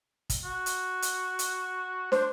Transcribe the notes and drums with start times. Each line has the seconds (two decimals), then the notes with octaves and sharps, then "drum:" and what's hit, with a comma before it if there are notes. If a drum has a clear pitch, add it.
0.30 drum: kick, hi-hat
0.45 F#4
0.66 drum: hi-hat
1.02 drum: hi-hat
1.39 drum: hi-hat
2.12 D4 C5, drum: snare